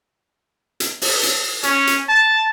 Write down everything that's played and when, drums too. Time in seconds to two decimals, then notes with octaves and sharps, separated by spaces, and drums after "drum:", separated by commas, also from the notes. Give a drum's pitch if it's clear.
0.80 drum: hi-hat
1.02 drum: open hi-hat
1.23 drum: hi-hat
1.63 C#4, drum: hi-hat
1.87 drum: hi-hat
2.09 A5